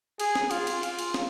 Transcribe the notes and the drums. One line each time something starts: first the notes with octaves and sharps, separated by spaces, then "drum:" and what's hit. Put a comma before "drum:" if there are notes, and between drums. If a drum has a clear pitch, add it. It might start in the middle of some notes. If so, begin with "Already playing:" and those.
G#4, drum: cymbal
drum: snare
F4, drum: cymbal
drum: cymbal
F4, drum: cymbal
drum: cymbal
drum: snare